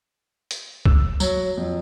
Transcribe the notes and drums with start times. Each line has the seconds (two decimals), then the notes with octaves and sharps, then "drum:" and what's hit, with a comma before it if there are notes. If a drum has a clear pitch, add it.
0.51 drum: hi-hat
0.86 E6, drum: kick
1.20 F#3, drum: tambourine
1.57 F2